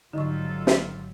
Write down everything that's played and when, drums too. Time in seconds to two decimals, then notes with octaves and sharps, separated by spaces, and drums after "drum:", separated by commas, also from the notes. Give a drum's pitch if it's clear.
0.13 G#1 D3 F#3 G3 D#4 F4 A4 C#6
0.67 drum: snare